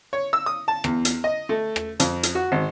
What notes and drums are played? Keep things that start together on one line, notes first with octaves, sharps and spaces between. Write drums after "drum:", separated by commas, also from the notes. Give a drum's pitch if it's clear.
C#5
E6
D#6
A5
E2, drum: rim click
drum: hi-hat
D#5
A3
drum: rim click
F2, drum: hi-hat
drum: hi-hat
F#4
G#1